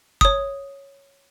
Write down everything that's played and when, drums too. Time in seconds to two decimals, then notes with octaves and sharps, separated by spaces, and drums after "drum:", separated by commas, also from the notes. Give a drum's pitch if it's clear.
0.21 C#5 D#6, drum: kick